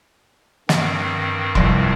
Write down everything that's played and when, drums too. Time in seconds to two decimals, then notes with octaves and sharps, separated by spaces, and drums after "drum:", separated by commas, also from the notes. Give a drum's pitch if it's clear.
0.69 G2 D#3 C4, drum: snare
1.55 C2 F2 C6, drum: kick E1